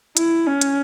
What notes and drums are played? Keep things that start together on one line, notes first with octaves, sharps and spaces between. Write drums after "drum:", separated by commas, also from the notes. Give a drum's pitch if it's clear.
E4, drum: hi-hat
C#4
drum: hi-hat